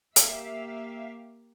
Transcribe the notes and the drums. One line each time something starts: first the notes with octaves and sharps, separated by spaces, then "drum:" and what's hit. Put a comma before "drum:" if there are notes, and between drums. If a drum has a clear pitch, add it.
A#3 G4 E5 F5, drum: hi-hat